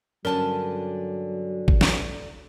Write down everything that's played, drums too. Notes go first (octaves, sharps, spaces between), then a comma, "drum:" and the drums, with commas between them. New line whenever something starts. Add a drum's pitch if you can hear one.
G2 D3 F#3 C#4 D4 A#4 B4 A5
drum: kick G#1
drum: snare